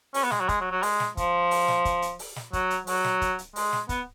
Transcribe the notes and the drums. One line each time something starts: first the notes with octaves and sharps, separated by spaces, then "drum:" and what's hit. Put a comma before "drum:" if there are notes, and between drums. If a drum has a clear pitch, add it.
C#4, drum: open hi-hat
B3
G#3, drum: snare
F#3
G#3, drum: kick, hi-hat
F#3
F#3
G#3, drum: open hi-hat
drum: snare
F3, drum: kick, hi-hat
drum: open hi-hat
drum: snare
drum: kick, hi-hat
drum: hi-hat
drum: open hi-hat
drum: snare
F#3, drum: kick, hi-hat
drum: hi-hat
F#3, drum: open hi-hat
drum: snare
drum: kick, hi-hat
drum: hi-hat
G#3, drum: open hi-hat
drum: snare
B3, drum: kick, hi-hat